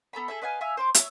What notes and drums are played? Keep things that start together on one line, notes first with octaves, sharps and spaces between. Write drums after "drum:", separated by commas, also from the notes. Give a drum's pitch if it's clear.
B3 A4 A#5 B5
G#4 A4 E5
B4 D#5 F5 G#5
E5 F5 G#5 E6
C5 C6 D6
C#5 E5, drum: hi-hat